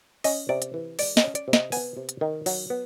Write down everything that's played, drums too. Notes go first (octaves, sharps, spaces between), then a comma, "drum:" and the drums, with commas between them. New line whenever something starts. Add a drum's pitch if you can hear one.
C#4 D#5, drum: open hi-hat
C3 D5
drum: hi-hat
E3
G#3 D5, drum: open hi-hat
D#5, drum: snare
C#4
D5, drum: hi-hat
C3
D#5, drum: snare
B3 G#5, drum: open hi-hat
C3
drum: hi-hat
D#3
F#3, drum: open hi-hat
B3